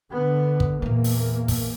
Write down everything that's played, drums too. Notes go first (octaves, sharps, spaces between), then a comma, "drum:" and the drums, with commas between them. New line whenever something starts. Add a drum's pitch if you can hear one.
D3 B3
drum: kick
E2 A#2 A#3 B3
drum: open hi-hat
drum: kick, open hi-hat